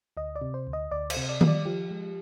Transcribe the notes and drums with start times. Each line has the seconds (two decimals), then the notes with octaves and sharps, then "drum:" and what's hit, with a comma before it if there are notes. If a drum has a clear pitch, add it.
0.17 D2 D#5
0.36 D5
0.41 C3
0.54 C5
0.67 D2
0.73 D#5
0.91 D2 D5
1.10 C5, drum: cymbal
1.16 C3
1.29 D5
1.41 G3, drum: tom D#3
1.47 D5
1.65 F3 G4
1.91 G#3